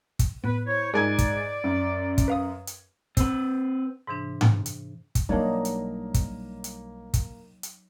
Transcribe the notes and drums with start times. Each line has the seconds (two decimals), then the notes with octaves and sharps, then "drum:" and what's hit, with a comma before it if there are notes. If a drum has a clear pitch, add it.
0.19 drum: kick, hi-hat
0.44 A2 B3 B4
0.66 E4 C5 C#5
0.94 G#2 G#4 A#4 D5 G#5 G#6
1.19 drum: kick, hi-hat
1.64 F#2
2.18 drum: kick, hi-hat
2.28 B4 F5 D#6
2.67 drum: hi-hat
3.17 C4 B4, drum: kick, hi-hat
4.07 G#2 C3 E3 D4
4.41 drum: tom G#2
4.66 drum: hi-hat
5.15 drum: kick, hi-hat
5.29 B1 F#3 G3 A#3 D4 D#4 C#5 D5
5.65 drum: hi-hat
6.14 drum: kick, hi-hat
6.64 drum: hi-hat
7.14 drum: kick, hi-hat
7.63 drum: hi-hat